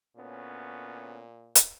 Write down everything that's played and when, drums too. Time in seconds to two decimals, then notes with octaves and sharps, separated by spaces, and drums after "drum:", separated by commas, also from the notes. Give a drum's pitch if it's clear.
0.16 D2 A#2 B3 C#4
1.55 drum: hi-hat